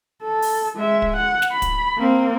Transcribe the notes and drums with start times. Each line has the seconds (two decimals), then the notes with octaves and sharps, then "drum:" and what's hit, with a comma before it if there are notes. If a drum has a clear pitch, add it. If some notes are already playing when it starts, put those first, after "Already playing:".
0.22 A4
0.42 drum: open hi-hat
0.76 G#3 E5
1.02 drum: kick
1.16 F#5
1.42 drum: snare
1.52 B5
1.62 drum: kick, hi-hat
1.98 A#3 C4